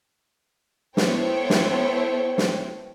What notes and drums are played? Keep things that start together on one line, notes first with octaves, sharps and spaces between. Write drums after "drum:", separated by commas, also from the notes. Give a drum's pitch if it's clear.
B3 E4 A4 C5 C#5 G5, drum: snare
drum: snare
drum: snare